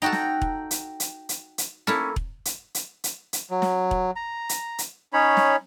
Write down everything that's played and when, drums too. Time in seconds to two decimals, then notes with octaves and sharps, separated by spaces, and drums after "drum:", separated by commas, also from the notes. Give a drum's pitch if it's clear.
0.02 D#4 F#4 A4 F#5 G5 A#5
0.12 drum: snare
0.41 drum: kick E1
0.71 drum: hi-hat
1.00 drum: hi-hat
1.29 drum: hi-hat
1.58 drum: hi-hat
1.87 A#3 C#4 E4 A4, drum: snare
2.16 drum: kick E1
2.45 drum: hi-hat
2.75 drum: hi-hat
3.04 drum: hi-hat
3.33 drum: hi-hat
3.50 F#3
3.62 drum: snare
3.91 drum: kick E1
4.16 A#5
4.49 drum: hi-hat
4.78 drum: hi-hat
5.13 C#4 D#4 C#5 B5
5.37 drum: snare